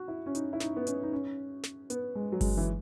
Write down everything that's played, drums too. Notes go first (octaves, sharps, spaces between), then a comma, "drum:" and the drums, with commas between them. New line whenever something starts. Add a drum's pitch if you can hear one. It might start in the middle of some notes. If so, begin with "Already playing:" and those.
Already playing: F#4
E4
C#4
D#4, drum: hi-hat
E4
D#4, drum: snare
B3
C#4, drum: hi-hat
D#4
C#4
drum: snare
B3, drum: hi-hat
G#3
F#3
G#3, drum: kick G1, open hi-hat
E3